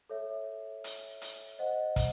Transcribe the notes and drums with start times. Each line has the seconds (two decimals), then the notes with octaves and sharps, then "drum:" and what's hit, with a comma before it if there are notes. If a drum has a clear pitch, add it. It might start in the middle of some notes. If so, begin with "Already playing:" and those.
0.09 A4 C#5 E5
0.84 drum: hi-hat
1.22 drum: hi-hat
1.59 C5 D#5 F#5
1.96 drum: kick, hi-hat